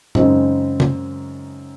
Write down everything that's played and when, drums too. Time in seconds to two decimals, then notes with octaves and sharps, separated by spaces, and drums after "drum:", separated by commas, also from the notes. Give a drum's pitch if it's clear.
0.15 F#2 C#3 G#3 C4 D#4, drum: tom
0.80 drum: tom